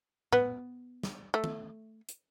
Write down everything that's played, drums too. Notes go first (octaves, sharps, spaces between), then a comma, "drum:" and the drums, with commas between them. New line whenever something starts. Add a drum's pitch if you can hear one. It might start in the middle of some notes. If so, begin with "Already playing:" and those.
B3, drum: tom A2
drum: snare
A3
drum: tom
drum: hi-hat